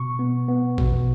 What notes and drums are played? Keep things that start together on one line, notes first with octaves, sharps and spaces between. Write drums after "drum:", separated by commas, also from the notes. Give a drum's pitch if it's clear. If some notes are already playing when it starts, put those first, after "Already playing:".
Already playing: B2 C#6
B3
B3
B2, drum: kick